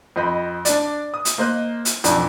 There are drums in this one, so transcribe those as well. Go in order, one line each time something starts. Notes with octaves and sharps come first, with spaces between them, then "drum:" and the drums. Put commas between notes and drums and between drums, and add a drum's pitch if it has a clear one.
F2 C5 D#5 B5
D4 D5, drum: hi-hat
D#6
drum: hi-hat
A#3 C5 D#5 F#6
drum: hi-hat
B1 F2 E3 D4 D5, drum: hi-hat